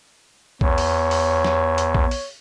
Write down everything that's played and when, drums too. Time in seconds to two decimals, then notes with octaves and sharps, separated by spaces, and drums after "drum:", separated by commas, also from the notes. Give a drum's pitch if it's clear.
0.61 E2 C#5, drum: kick A#1
0.78 drum: open hi-hat
1.11 drum: open hi-hat
1.45 drum: snare
1.78 drum: hi-hat
1.95 drum: kick A#1
2.11 drum: open hi-hat